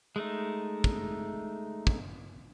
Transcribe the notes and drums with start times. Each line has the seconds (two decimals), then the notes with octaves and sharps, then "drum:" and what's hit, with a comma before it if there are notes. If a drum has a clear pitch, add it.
0.16 G#3 A3 D#4
0.84 drum: kick
1.87 drum: kick